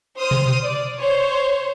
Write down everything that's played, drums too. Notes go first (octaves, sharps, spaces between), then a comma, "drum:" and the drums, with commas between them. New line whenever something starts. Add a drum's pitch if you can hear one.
C5 D#6 F6
drum: tom B2
D5
C5 C#5